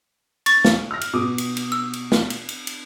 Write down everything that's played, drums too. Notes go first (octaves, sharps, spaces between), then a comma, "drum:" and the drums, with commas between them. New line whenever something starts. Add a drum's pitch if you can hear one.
C#6 A6, drum: cymbal
drum: snare
F6 A#6
drum: cymbal
B2 D6 D#6
drum: cymbal
drum: cymbal
E6
drum: cymbal
drum: snare
drum: cymbal
drum: cymbal
drum: cymbal